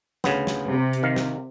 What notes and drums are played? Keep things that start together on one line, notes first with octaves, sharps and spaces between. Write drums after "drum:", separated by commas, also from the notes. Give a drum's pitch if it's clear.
D2 C#3 B3, drum: snare
drum: snare
C3
drum: hi-hat
D#3 F5
drum: snare